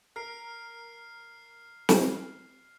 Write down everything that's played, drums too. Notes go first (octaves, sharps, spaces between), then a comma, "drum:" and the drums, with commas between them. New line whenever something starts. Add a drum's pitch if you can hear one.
A#4 F6 C7
drum: snare